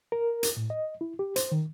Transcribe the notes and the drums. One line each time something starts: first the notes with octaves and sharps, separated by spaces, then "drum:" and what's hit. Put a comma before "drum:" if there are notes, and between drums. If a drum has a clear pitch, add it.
A#4
drum: hi-hat
A2
D#5
E4
G4
C5, drum: hi-hat
D#3